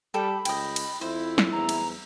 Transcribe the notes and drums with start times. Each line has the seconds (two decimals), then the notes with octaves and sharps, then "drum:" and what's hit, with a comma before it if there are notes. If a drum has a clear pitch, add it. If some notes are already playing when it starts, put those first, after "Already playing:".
0.14 G3 A4 G5 B5
0.45 C#2 D#5 G5, drum: cymbal
0.76 drum: cymbal
1.01 F2 E4 C5
1.38 drum: snare
1.52 E2 A#5
1.69 drum: cymbal